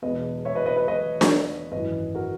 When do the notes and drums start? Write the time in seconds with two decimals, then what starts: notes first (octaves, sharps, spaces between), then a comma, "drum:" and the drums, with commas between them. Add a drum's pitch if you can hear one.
0.02 E1 E2 B2 B4 D#5
0.45 C#5 E5
0.55 B4 D#5
0.66 B4 D#5
0.77 B4 D#5
0.88 B4 D#5
1.21 drum: snare D4
1.72 G#1 F#2 E3 B4 D#5
2.15 F#4 A#4